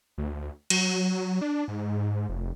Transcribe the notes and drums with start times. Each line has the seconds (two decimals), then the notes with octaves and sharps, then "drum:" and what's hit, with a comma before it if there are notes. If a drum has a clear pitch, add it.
0.18 D2
0.70 F#3, drum: cymbal
1.41 D4
1.68 G#2
2.29 F1